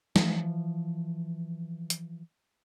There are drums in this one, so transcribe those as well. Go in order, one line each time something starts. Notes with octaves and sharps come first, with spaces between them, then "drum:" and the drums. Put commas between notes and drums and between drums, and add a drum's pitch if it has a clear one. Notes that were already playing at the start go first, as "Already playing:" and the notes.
E3 F3, drum: snare
drum: hi-hat